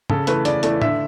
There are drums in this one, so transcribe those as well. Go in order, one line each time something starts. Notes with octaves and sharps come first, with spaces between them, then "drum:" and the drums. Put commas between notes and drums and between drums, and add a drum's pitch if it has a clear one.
C#3 A4, drum: tom
E3 A3 B4, drum: hi-hat
C#3 D5, drum: hi-hat
E3 A3 D5, drum: hi-hat
D3 E5, drum: tom